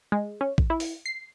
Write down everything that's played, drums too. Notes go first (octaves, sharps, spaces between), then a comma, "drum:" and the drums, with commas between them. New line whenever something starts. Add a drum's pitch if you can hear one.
G#3
C#4
A1, drum: kick A1
E4
drum: open hi-hat
C7